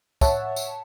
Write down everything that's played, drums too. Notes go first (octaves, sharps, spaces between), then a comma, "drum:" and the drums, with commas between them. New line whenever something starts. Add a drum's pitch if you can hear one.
C#5 E5 F#5 A5, drum: kick, tambourine
drum: tambourine